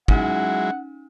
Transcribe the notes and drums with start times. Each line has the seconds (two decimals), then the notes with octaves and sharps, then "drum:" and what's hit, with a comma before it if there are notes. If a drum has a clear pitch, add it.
0.08 F#3 G#3 C#4 D#4 E4 F#5, drum: kick